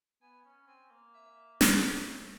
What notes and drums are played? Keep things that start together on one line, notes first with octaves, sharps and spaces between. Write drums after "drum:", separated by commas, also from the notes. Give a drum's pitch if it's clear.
B3 G#5
C#4
C4 G#5
A#3
E5
D5, drum: snare
A3 C#5